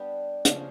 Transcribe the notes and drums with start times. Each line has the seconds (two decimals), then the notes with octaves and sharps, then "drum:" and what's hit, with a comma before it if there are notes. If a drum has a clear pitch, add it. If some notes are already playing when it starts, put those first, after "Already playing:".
Already playing: G3 B3 D4 G4
0.45 C#3 F3 A#3 D4, drum: hi-hat